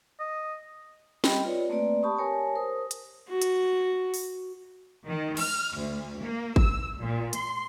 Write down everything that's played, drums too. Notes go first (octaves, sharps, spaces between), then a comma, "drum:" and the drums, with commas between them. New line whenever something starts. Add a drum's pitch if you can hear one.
D#5
G3 C4 G4 D#5 G5 B5, drum: snare
F4 B4 C#5 D5
A3 A#3 C4 B4 D5
G4 A5 B5 C#6 D#6
G4 A#4 C#5 G#5 A5
A#4 C5 D#6
drum: hi-hat
F#4
drum: hi-hat
drum: open hi-hat
D#3
F6, drum: cymbal
D2
A#3
E6, drum: kick G#1
A#2
C6, drum: hi-hat